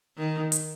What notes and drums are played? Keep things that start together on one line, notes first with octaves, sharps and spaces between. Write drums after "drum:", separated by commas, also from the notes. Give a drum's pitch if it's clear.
D#3
drum: hi-hat